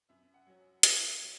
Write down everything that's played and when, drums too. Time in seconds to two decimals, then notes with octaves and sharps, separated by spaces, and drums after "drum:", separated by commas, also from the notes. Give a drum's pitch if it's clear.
0.09 F#2 E5
0.34 F#5
0.47 F#3 C#4
0.83 F#2 F#5, drum: hi-hat
1.21 F#3 C#4